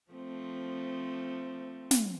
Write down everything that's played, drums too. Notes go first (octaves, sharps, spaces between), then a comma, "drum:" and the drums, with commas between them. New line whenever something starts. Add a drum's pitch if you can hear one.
F3 A3 C4
drum: snare